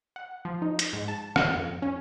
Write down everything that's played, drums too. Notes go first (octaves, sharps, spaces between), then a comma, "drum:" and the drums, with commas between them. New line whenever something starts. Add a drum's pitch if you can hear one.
F#5
F3
D#4
drum: hi-hat
G#2
A5
F5, drum: rim click
F2
C#4